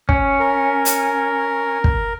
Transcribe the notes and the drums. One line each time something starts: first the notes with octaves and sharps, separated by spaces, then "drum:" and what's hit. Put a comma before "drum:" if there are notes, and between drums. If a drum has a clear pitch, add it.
C#4, drum: kick
A#4
drum: hi-hat
drum: kick